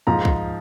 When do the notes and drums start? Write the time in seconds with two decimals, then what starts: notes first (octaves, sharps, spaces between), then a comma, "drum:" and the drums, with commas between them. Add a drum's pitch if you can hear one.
0.07 G#2 F3 G#3 A#5
0.25 drum: kick